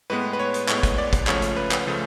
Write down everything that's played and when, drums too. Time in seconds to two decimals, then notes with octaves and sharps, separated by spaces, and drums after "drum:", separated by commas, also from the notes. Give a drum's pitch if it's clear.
0.10 A2 G#3 B3 B4
0.33 B4
0.39 C#5
0.54 drum: hi-hat
0.69 A2 G#3 B3 C#5, drum: clap
0.83 drum: kick, hi-hat
0.98 D5
1.13 drum: kick, hi-hat
1.27 C#2 C#3 F3 A3 C#4 C#5, drum: clap
1.42 drum: hi-hat
1.56 B4
1.71 drum: clap
1.87 C#3 F3 A3 C#4